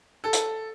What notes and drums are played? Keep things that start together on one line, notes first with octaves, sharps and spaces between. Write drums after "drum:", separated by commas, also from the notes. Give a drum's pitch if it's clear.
A4
drum: hi-hat